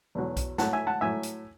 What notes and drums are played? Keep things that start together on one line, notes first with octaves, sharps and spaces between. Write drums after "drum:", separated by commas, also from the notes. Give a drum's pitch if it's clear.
E2 B2 F#3
drum: kick B1, hi-hat
A2 F#3 F#5 A5, drum: snare
E5 G#5
F#5 A5
A2 F#3 E5 G#5
drum: hi-hat